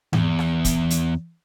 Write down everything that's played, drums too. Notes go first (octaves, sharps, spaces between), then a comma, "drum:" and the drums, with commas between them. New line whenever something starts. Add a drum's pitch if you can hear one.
E2, drum: tom G#2
drum: rim click
drum: kick, hi-hat
drum: hi-hat